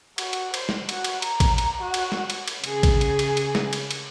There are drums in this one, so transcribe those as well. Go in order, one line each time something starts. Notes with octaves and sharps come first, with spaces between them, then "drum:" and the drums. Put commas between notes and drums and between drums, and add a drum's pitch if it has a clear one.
F#4, drum: cymbal
drum: cymbal
C5, drum: cymbal
drum: snare
F#4, drum: cymbal
drum: cymbal
A#5, drum: cymbal
drum: kick A1, cymbal
drum: cymbal
F#4
drum: cymbal
drum: snare
drum: cymbal
drum: cymbal
C#3 G#4, drum: cymbal
drum: kick A1, cymbal
drum: cymbal
drum: cymbal
drum: cymbal
drum: snare
drum: cymbal
drum: cymbal